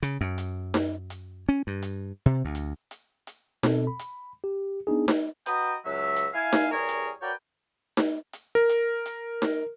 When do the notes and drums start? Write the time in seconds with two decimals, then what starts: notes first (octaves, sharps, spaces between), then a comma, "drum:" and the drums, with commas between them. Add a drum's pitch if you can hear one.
0.03 C#3, drum: hi-hat
0.21 F#2
0.38 drum: hi-hat
0.74 drum: snare D#4
1.10 drum: hi-hat
1.49 C#4
1.67 G2
1.82 drum: hi-hat
2.26 C3
2.45 D2
2.55 drum: hi-hat
2.91 drum: hi-hat
3.27 drum: hi-hat
3.63 B2 C4 A4, drum: snare D#4
3.87 B5
3.99 drum: hi-hat
4.44 G4
4.87 B3 D4 D#4 G#4
5.08 drum: snare D#4
5.46 F#4 B4 D#5 G5 A#5 D#6, drum: hi-hat
5.85 C#2 F#3 E5
6.16 drum: hi-hat
6.34 E4 F5 G#5
6.53 drum: snare D#4
6.71 E2 G3 G#4 A#4 C#5
6.89 drum: hi-hat
7.22 F#4 A#4 B4 C#5 D5 G5
7.97 drum: snare D#4
8.33 drum: hi-hat
8.55 A#4
8.69 drum: hi-hat
9.06 drum: hi-hat
9.42 drum: snare D#4